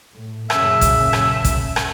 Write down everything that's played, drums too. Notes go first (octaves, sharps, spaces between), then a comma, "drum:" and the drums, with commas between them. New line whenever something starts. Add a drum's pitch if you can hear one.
A2
F#2 A#2 C#3 E5, drum: rim click
drum: kick A1, hi-hat
drum: rim click
drum: kick A1, hi-hat
drum: rim click